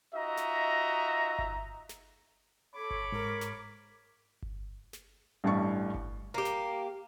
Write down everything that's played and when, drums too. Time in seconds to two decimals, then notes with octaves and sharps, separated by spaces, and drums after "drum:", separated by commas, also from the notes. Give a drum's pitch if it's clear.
0.14 D#4 F4 F#4 D#5 E5 A#5
0.37 drum: snare
1.39 drum: kick G1
1.89 drum: snare
2.76 A4 C#5 B5 D6
2.91 drum: kick G1
3.12 G#2 A#4
3.41 drum: snare
4.42 drum: kick G1
4.93 drum: snare
5.44 A1 G2 G3 A5 C#6
5.94 drum: kick G1
6.34 A#3 G4
6.45 drum: snare